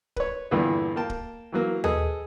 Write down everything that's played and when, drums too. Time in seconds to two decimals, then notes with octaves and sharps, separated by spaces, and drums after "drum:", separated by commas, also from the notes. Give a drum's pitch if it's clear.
0.16 B4 C#5, drum: kick
0.51 E2 G2 A#2 D3 E3 B3
0.96 A#3 G5 A5
1.10 drum: kick
1.52 E3 F#3 A#3
1.84 G#4 A4 B4 D#5 G#5, drum: tom D#2